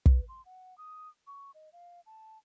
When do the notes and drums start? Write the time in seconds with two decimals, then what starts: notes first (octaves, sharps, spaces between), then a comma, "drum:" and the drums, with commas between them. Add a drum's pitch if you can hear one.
0.06 B4, drum: kick
0.29 C6
0.45 F#5
0.78 D#6
1.27 C#6
1.54 D#5
1.73 F5
2.06 A5